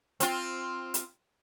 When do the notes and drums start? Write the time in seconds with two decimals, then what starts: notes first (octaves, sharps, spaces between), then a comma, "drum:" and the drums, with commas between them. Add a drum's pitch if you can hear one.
0.20 C4 F4, drum: hi-hat
0.94 drum: hi-hat